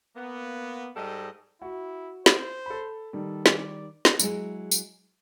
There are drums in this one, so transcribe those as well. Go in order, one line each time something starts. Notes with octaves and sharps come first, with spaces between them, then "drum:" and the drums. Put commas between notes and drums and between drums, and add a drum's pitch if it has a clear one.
A#3 B3
G#2 G3 A4 D#5
E4 F#4
C5, drum: snare
A4 B5
D#3 G3 A4
D5, drum: snare
drum: snare
F#3 G#3 E4 G#4, drum: tambourine
drum: tambourine